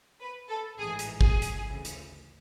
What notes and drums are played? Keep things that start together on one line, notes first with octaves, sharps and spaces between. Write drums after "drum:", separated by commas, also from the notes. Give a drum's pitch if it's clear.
B4
A4
A1 G#2 E3 G#4
drum: hi-hat
G#4, drum: kick G#1
drum: hi-hat
D2 C#3 E3
drum: hi-hat